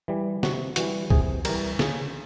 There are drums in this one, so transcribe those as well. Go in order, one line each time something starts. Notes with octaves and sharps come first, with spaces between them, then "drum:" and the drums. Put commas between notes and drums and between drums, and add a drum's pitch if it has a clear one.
E3 G3
C3 F#4, drum: snare
E3 G3 F#4, drum: hi-hat
C3 G#4, drum: kick
E3 G3 A#4, drum: cymbal
C#3 G#4, drum: snare